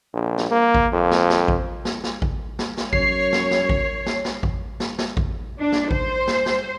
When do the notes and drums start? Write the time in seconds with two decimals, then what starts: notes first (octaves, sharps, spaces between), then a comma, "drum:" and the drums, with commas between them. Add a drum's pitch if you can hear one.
0.14 A#1
0.38 drum: snare
0.51 A#3
0.74 drum: kick A1
0.93 F2
1.11 drum: snare
1.30 drum: snare
1.48 drum: kick A1
1.85 drum: snare
2.04 drum: snare
2.22 drum: kick A1
2.59 drum: snare
2.77 drum: snare
2.93 F#2 C#5 C7, drum: kick A1
3.33 drum: snare
3.51 drum: snare
3.69 drum: kick A1
4.06 drum: snare
4.25 drum: snare
4.43 drum: kick A1
4.80 drum: snare
4.98 drum: snare
5.17 drum: kick A1
5.59 D4
5.72 drum: snare
5.91 C5, drum: kick A1
6.27 drum: snare
6.46 drum: snare